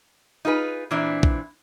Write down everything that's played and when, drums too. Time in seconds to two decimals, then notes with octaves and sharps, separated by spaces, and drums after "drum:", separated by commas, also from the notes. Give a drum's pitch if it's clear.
0.45 D#4 F4 G#4 B4
0.91 A#2 E3 C4 D4 E4
1.23 drum: kick A#1